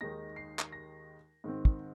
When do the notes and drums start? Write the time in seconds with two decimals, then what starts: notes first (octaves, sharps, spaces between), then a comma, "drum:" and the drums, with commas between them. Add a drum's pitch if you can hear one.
0.01 D#2 D#3 G#3 D#4 A#6
0.36 C7
0.59 drum: clap
0.72 A#6
1.44 G#2 D#3 C4
1.65 drum: kick